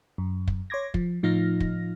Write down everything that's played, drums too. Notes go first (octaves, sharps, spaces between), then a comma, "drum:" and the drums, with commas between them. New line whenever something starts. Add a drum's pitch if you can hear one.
F#2
drum: kick
C#5 C6 D6 G#6 A#6
F3, drum: kick
A2 F3 D#4 F4 F6 A#6
drum: kick